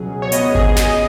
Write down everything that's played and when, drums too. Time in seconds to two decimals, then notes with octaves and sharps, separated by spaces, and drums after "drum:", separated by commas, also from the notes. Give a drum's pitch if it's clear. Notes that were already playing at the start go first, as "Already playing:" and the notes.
Already playing: C#2 B2 F#3 C#4 G#4
0.22 C#5
0.32 C#2 C#3 B3 D#5, drum: hi-hat
0.55 G#4, drum: kick G#1
0.76 D#5, drum: snare